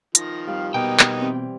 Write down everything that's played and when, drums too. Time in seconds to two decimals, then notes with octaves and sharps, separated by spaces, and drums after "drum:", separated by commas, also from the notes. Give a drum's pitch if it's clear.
0.15 D#3 F3 A#6, drum: hi-hat
0.47 F2 G3 F5
0.74 B2 A#3 B3 D#4 G5
0.99 drum: clap
1.21 E3 G3 C4